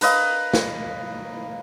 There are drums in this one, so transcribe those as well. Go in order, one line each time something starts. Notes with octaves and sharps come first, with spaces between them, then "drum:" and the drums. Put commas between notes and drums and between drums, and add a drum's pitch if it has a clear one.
A#4 B4 D#5 F5, drum: hi-hat
drum: snare